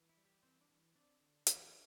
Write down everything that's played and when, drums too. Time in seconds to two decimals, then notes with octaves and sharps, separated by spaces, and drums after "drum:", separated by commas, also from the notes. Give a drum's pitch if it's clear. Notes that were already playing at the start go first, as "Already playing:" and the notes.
Already playing: E3
0.09 E4
0.17 G3
0.25 G4
0.43 E3 C4 C5
0.61 D4 D5
0.69 E3
0.95 C4 D4 D5
1.20 D3
1.47 E3, drum: hi-hat